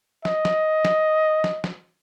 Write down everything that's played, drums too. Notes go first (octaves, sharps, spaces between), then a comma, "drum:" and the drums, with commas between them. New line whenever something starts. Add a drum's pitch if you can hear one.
D#5, drum: snare
drum: snare
drum: snare
drum: snare
drum: snare